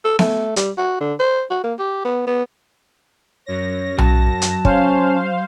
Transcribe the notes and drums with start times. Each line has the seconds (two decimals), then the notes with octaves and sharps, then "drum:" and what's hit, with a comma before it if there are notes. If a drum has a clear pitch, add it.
0.05 A4
0.19 A3, drum: snare B3
0.56 G3, drum: hi-hat
0.78 F#4
1.00 D3
1.19 C5
1.50 F#4
1.64 A#3
1.79 G4
2.05 B3
2.27 B3
3.46 F#2 C#5 A#6
3.98 F#3 A5, drum: tom B1
4.42 drum: hi-hat
4.65 C#4 C5 F5, drum: kick